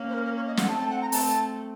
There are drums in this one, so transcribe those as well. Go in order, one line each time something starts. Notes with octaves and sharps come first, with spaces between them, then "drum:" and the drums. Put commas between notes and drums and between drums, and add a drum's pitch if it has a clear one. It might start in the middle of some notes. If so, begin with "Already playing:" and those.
Already playing: A#3 C#4
C5
A#4
A#4
C#5
D#5
F#5, drum: snare
A3 C4 A5
A5
F#5
A#5
A3 C4 A5, drum: open hi-hat